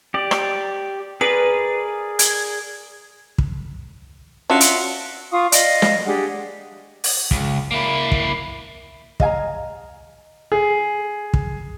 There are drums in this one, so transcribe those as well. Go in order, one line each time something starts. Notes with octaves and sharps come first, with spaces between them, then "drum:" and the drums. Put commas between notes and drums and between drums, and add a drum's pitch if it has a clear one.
G4 D5
drum: rim click
G#4 A#4 B4 D5
G#6, drum: hi-hat
drum: kick
C#4 D4 F4 F#4 E5
drum: hi-hat
F4 F5 C#6 D#6
D5 D#5 F5, drum: hi-hat
drum: snare
D4 G4 G#4 F#5
drum: open hi-hat
C#2, drum: kick
A#3 E4
drum: kick
D#5 F5 G#5 A#5, drum: kick
G#4
drum: kick